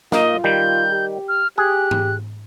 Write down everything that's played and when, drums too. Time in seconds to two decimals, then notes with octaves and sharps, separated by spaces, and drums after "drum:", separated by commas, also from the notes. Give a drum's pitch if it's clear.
0.12 A#3 D#4 F4 D#5, drum: snare
0.44 D#3 G3 G6
0.91 G4
1.29 F6
1.58 G4 G#4 F#6
1.91 drum: tom G#2